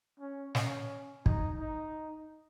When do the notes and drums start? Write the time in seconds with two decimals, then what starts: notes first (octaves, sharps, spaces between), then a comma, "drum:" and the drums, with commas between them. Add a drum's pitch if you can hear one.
0.20 C#4
0.55 C#4, drum: snare
1.26 D#4, drum: kick
1.60 D#4